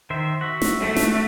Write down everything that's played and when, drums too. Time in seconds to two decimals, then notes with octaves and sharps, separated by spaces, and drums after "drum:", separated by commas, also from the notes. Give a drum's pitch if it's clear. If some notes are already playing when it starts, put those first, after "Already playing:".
0.10 D#3 C5 E5
0.41 F#4 E5
0.62 drum: snare
0.80 A3
0.96 drum: snare